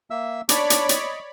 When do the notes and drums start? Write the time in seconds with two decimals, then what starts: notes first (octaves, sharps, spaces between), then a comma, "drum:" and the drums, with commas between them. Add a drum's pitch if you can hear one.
0.10 A#3 E5 E6
0.49 D4 C#5 D5 B5 D6, drum: hi-hat
0.70 drum: hi-hat
0.89 D#5, drum: hi-hat